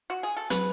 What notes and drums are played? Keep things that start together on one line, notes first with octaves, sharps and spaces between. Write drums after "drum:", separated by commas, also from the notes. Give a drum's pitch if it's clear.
F#4
G#4
A4
F#3 B4, drum: hi-hat